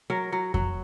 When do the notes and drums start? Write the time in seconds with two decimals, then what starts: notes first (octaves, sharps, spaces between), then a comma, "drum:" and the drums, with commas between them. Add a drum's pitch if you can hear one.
0.10 F#3 A#4
0.32 F#3
0.54 F#3, drum: kick F2